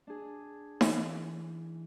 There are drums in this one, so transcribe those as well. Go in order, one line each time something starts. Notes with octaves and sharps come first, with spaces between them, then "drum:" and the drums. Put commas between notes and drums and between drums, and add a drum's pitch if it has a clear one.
D4 G#4
E3, drum: snare D#4